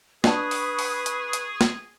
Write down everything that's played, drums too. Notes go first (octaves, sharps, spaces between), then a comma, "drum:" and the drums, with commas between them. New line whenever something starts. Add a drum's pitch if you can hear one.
D4 G#4 B4 G#5 A5 C#6 D#6, drum: snare
drum: open hi-hat
drum: open hi-hat
drum: hi-hat
drum: hi-hat
drum: snare